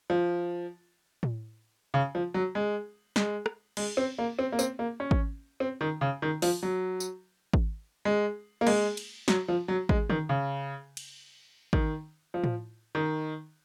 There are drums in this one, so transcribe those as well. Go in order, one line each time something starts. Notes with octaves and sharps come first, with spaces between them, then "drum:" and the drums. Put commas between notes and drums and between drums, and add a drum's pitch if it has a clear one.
F3
drum: tom A2
C#3
F3
F#3
G#3
G#3, drum: snare
drum: rim click
G#3, drum: cymbal
C4
A#3
C4
A#3
C4, drum: tambourine
A#3
C#4
drum: kick G#1
C4
D#3
C#3
D#3
F3, drum: open hi-hat
F#3
drum: tambourine
drum: kick G#1
G#3
A#3
G#3, drum: cymbal
drum: cymbal
F#3, drum: snare
F3
F#3
G#3, drum: kick G#1
D#3, drum: tom D#3
C#3
drum: cymbal
D#3, drum: kick G#1
F3
drum: tom A2
D#3